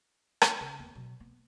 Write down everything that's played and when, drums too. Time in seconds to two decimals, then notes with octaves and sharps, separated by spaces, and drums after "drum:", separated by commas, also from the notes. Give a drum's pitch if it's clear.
0.42 drum: rim click
0.60 C#3
0.78 E2 B3
0.95 B2 F#3
1.20 B3